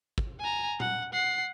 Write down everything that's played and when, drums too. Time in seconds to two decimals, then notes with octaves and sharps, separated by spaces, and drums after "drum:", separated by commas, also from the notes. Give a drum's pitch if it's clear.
0.18 drum: kick
0.40 G#5 A#5
0.80 F#5, drum: tom A#2
1.14 F#5 C7